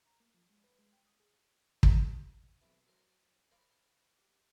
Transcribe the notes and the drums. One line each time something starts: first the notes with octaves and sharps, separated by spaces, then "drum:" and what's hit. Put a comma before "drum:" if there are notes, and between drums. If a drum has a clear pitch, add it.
A#5
A#3
F3
G#3
B4
G#3
G5
D#6
G#4
drum: kick
G#5
B1 E3 C4 G5 A5
F#3 A#4 C5
A#4 C5 D5 F5 B5
G4